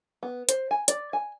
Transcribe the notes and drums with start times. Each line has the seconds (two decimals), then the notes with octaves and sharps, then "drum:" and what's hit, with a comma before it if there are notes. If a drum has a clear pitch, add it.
0.23 B3
0.49 C5, drum: hi-hat
0.71 G#5
0.88 D5, drum: hi-hat
1.13 G#5